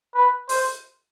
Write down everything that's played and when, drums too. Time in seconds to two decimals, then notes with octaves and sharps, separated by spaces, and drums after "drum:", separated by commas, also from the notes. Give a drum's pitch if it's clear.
0.14 B4
0.49 C5, drum: open hi-hat